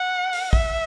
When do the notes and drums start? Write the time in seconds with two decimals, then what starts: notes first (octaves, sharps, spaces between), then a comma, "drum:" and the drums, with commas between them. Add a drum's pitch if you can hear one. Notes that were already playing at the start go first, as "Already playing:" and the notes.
Already playing: F#5
0.33 drum: open hi-hat
0.53 E5, drum: kick